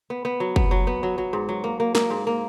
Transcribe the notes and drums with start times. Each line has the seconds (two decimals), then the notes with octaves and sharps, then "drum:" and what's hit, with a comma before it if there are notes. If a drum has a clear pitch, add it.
0.10 B3
0.25 B3
0.40 F#3
0.56 B3, drum: kick
0.71 F#3
0.87 B3
1.03 F#3
1.18 F#3
1.33 G#2
1.49 F#3
1.64 A#3
1.80 A#3
1.95 A#3, drum: snare
2.10 G#2
2.27 A#3